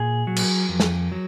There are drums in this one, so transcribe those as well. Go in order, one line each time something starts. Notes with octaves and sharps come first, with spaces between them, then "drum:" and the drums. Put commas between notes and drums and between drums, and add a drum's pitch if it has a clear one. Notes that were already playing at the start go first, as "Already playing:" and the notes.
Already playing: A#2 G#4
F#3
drum: cymbal
F2
drum: snare
F#3